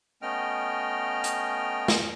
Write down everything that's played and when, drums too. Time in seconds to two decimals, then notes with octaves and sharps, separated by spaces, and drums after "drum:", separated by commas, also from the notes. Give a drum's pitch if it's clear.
0.22 A3 B3 C#4 D#5 G5 F6
1.24 drum: hi-hat
1.88 drum: snare